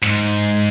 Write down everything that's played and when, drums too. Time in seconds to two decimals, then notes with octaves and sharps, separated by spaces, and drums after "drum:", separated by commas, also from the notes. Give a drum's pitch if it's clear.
0.02 G#2, drum: snare